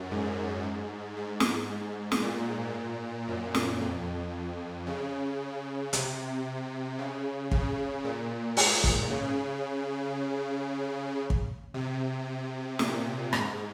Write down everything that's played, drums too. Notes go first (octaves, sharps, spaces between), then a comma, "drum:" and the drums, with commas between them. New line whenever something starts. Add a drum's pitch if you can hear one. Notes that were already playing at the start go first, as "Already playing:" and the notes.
Already playing: F#2
G#2
G#2
drum: snare
G#2
drum: snare
A#2
F#2
drum: snare
F2
C#3
C3, drum: hi-hat
C#3
C#3, drum: kick
A#2
G#2, drum: open hi-hat
drum: kick
C#3
drum: kick
C3
A#2, drum: snare
G#2, drum: rim click